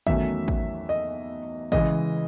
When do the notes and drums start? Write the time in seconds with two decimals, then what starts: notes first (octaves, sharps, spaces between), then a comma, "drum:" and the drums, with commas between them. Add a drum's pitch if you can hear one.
0.07 E2 D#3 F#3 A3 C#4 E5, drum: kick A1
0.48 drum: kick A1
0.89 D#5
1.72 C#3 E3 G#3 D#5, drum: kick A1